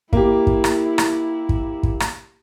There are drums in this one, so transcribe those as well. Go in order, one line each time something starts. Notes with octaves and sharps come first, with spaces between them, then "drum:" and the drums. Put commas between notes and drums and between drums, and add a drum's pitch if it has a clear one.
A#3 E4 G4, drum: kick
drum: kick
drum: rim click
drum: rim click
drum: kick
drum: kick
drum: rim click